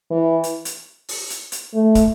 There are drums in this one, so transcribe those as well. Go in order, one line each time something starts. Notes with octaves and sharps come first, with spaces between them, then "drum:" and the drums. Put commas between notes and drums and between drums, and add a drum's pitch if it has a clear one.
E3
drum: hi-hat
drum: hi-hat
drum: open hi-hat
drum: hi-hat
drum: hi-hat
A3
drum: kick, hi-hat